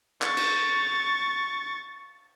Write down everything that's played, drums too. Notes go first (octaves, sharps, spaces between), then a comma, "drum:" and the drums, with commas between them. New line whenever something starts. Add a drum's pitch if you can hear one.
C#6 A6, drum: clap
drum: cymbal